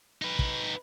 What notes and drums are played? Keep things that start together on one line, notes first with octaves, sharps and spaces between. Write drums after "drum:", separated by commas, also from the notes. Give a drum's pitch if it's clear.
D#4 B4
drum: kick